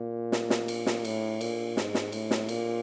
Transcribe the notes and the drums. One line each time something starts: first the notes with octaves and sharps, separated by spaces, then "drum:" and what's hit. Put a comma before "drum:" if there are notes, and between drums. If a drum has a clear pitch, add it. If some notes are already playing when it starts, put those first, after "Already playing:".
Already playing: A#2
drum: snare
drum: snare
drum: cymbal
drum: snare
A2, drum: cymbal
A#2, drum: cymbal
G#2, drum: snare
drum: snare
A2, drum: cymbal
drum: snare
A#2, drum: cymbal